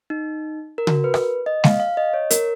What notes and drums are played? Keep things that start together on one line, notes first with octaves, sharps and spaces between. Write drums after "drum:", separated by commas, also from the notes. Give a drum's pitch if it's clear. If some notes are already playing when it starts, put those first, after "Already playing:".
D#4
A#4
F#4, drum: tom C#3
A#4
B4
drum: rim click
D#5
F5, drum: snare G#3
F5
D#5
C#5
A#4, drum: hi-hat